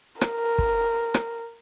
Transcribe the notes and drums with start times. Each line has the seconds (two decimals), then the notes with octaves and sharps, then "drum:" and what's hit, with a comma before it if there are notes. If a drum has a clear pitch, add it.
0.21 A#4, drum: rim click
0.58 drum: kick
1.14 drum: rim click